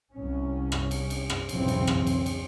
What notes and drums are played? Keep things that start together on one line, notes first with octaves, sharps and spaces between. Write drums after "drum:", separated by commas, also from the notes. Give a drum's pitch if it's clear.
C2 C#4
drum: rim click
drum: cymbal
drum: cymbal
drum: rim click
B1 F2 G#2 C#3 E3 C4, drum: cymbal
drum: cymbal
drum: rim click
drum: cymbal
drum: cymbal